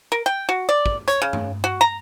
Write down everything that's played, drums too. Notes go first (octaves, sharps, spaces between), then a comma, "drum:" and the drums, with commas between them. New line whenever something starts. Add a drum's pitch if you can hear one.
A#4
G5
F#4
D5
drum: kick
C#5, drum: hi-hat
C#3
drum: tom
F#4
A#5